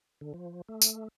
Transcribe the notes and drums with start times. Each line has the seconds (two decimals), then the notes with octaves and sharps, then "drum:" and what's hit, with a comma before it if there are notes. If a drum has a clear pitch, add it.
0.21 D3
0.34 F3
0.69 A3
0.82 drum: tambourine